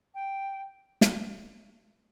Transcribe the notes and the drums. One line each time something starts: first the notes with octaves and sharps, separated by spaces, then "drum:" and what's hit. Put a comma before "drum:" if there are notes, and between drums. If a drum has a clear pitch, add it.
G5
drum: snare